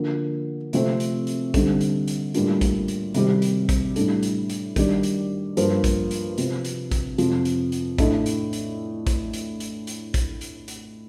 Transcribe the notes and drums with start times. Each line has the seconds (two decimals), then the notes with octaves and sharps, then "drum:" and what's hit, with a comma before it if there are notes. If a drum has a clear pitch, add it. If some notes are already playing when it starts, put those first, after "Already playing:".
Already playing: D3 F3 A#3
0.73 C3 F3 A3 C4, drum: hi-hat
1.00 drum: hi-hat
1.27 drum: hi-hat
1.54 D3 G3 C4 D#4 A4, drum: kick, hi-hat
1.81 drum: hi-hat
2.08 drum: hi-hat
2.34 A2 G3 A#3 D4 F4, drum: hi-hat
2.61 drum: kick, hi-hat
2.88 drum: hi-hat
3.14 C3 D#3 G3 C4 G4, drum: hi-hat
3.42 drum: hi-hat
3.69 drum: kick, hi-hat
3.96 A2 G3 D4 A4, drum: hi-hat
4.23 drum: hi-hat
4.49 drum: hi-hat
4.76 D#3 G3 D4 G4 D5, drum: kick, hi-hat
5.03 drum: hi-hat
5.57 G2 F3 A#3 F4 C5, drum: hi-hat
5.84 drum: kick, hi-hat
6.11 drum: hi-hat
6.38 C3 F3 C4, drum: hi-hat
6.65 drum: hi-hat
6.91 drum: kick, hi-hat
7.18 F2 C3 F3, drum: hi-hat
7.45 drum: hi-hat
7.72 drum: hi-hat
7.98 A2 A3 D4 A4 D#5, drum: kick, hi-hat
8.26 drum: hi-hat
8.53 drum: hi-hat
9.07 drum: kick, hi-hat
9.33 drum: hi-hat
9.60 drum: hi-hat
9.87 drum: hi-hat
10.14 drum: kick, hi-hat
10.41 drum: hi-hat
10.68 drum: hi-hat